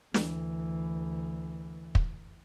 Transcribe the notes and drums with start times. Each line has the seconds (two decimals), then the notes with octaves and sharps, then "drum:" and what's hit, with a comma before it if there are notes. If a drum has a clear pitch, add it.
0.14 D2 E3, drum: snare
1.95 drum: kick